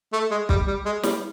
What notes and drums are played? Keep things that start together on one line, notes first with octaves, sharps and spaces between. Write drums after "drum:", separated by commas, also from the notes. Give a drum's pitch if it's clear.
A3
G#3
G3, drum: kick
G3
G#3
G3, drum: snare